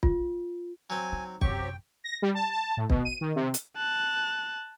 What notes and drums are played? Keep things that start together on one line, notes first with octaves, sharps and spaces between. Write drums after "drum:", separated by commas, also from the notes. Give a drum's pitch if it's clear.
F4, drum: kick
F#3 C4 G#5
D#4
F#2 C3 F#3 C4 G4 G5 C#6, drum: kick
A#6
G3
A5
A5
A2
B2, drum: kick
D#7
D#3
C3
drum: hi-hat
A5 F#6